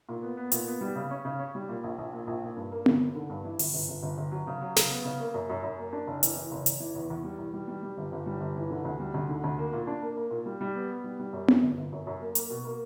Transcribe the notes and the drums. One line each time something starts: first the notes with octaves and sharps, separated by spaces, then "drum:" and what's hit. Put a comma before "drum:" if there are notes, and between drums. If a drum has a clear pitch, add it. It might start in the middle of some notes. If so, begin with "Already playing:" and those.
A#2
B3
B3
A#2, drum: hi-hat
B3
G3
C#3
C#4
C#3
C#4
G3
A#2
A#1
A#1
A#2
A#1
A#2
G2
A#3
G1, drum: tom B3
A#3
D3
G2
E3
G1, drum: open hi-hat
G1
G1
G1
G1
F#3
C#3
F#3
C#3, drum: snare
B3
C#3
A#3
F#2
F#2
F#2
A#3
D4
F#1
E3, drum: hi-hat
E3
F#1
F#1, drum: hi-hat
E3
E2
E2
G3
E2
G3
G3
G3
G1
G1
G3
G1
E3
D3
D2
G3
D2
D3
D2
A#3
A#2
D4
A#3
A#3
A#2
G3
G3
B3
B3
G3
G3
F#2
F#2, drum: tom B3
G1
G1
F#2
F#2
A#3
A#3, drum: hi-hat
B2
A#3